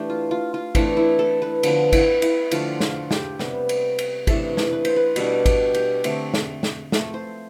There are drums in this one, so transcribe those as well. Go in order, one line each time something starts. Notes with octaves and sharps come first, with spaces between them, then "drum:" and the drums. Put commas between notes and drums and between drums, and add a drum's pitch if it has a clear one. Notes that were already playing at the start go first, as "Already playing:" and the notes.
Already playing: E3 A3 D4 G4
F4
F4
F4
E3 A3 C4 D4, drum: kick G#1, cymbal
E4
A4
B4
D3 F3 B3, drum: cymbal
E4, drum: kick G#1, cymbal
E4, drum: cymbal
D3 F3 A3 D4 F4, drum: cymbal
F4, drum: snare
G4, drum: snare
C3 G3 B3, drum: snare
drum: cymbal
drum: cymbal
C3 E3 A3 D4 A4, drum: kick G#1, cymbal
drum: snare
B4
C5, drum: cymbal
B4
B2 G3 D4, drum: cymbal
G4, drum: kick G#1, cymbal
G4, drum: cymbal
D3 A3 C4, drum: cymbal
drum: snare
drum: snare
F3 A3 C4 A4, drum: snare
C5